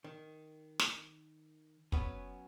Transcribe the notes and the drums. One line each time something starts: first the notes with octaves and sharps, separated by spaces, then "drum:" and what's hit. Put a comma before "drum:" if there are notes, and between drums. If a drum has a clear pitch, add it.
D#3
drum: snare
F#3 B3 C#4, drum: kick